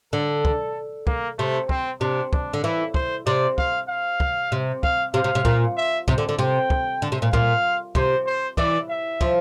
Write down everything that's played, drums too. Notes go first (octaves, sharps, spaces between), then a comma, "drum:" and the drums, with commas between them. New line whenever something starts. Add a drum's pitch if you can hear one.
D3 A4
drum: kick
A#3, drum: kick
C3 A3
C4, drum: kick
C3 D4
D4, drum: kick
D3
E3 E4
C5, drum: kick
C3 D5
F5, drum: kick
F5
drum: kick
C3
F5, drum: kick
C3 F5
C3
C3
A#2, drum: kick
E5
C3, drum: kick
D3
D3
C3 G5
drum: kick
D3
C3
A#2
A#2 F5, drum: kick
C3 C5, drum: kick
C5
E3 D5, drum: kick
E5
F3, drum: kick